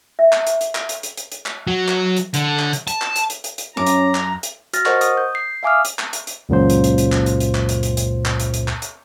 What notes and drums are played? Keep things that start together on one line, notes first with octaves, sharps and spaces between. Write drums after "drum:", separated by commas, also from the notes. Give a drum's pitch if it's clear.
E5
drum: clap
drum: hi-hat
drum: hi-hat
drum: clap
drum: hi-hat
drum: hi-hat
drum: hi-hat
drum: hi-hat
drum: clap
F#3
drum: clap
drum: hi-hat
D3, drum: hi-hat
drum: clap
drum: hi-hat
A5, drum: hi-hat
drum: clap
drum: hi-hat
drum: hi-hat
drum: hi-hat
drum: hi-hat
F#2 C#4 A#5 D6
drum: hi-hat
drum: clap
drum: hi-hat
F#4 F6 A6 A#6, drum: hi-hat
A#4 C5 D#5 F#5 C#6, drum: clap
D#6, drum: hi-hat
G6
C7
E5 F5 G#5 D6 D#6 F6
drum: hi-hat
drum: clap
drum: hi-hat
drum: hi-hat
C#2 F#2 A#2 C5
drum: hi-hat
drum: hi-hat
drum: hi-hat
drum: clap
drum: hi-hat
drum: hi-hat
drum: clap
drum: hi-hat
drum: hi-hat
drum: hi-hat
drum: clap
drum: hi-hat
drum: hi-hat
drum: clap
drum: hi-hat